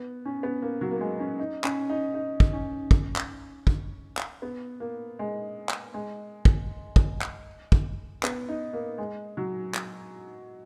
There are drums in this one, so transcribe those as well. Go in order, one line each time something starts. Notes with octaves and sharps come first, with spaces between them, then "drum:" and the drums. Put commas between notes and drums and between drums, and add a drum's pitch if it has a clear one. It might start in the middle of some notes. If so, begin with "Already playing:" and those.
Already playing: B3
C#4
B3
A#3
F#3
A#3
G#3
C#4
D#4
C#4, drum: clap
D#4
D#4
drum: kick
C#4
drum: kick
drum: clap
drum: kick
drum: clap
B3
A#3
G#3
drum: clap
G#3
drum: kick
drum: kick
drum: clap
drum: kick
B3, drum: clap
D#4
A#3
G#3
F#3
drum: clap